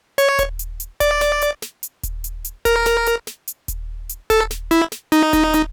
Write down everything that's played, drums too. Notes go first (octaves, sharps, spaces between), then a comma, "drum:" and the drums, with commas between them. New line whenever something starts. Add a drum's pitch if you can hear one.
C#5, drum: hi-hat
drum: kick D#1, hi-hat
drum: hi-hat
drum: hi-hat
D5, drum: kick D#1, hi-hat
drum: snare
drum: hi-hat
drum: snare
drum: hi-hat
drum: kick D#1, hi-hat
drum: hi-hat
drum: hi-hat
A#4, drum: kick D#1, hi-hat
drum: snare
drum: hi-hat
drum: snare
drum: hi-hat
drum: kick D#1, hi-hat
drum: hi-hat
A4, drum: kick D#1, hi-hat
drum: snare
E4, drum: hi-hat
drum: snare
D#4, drum: hi-hat
drum: kick D#1, hi-hat
drum: hi-hat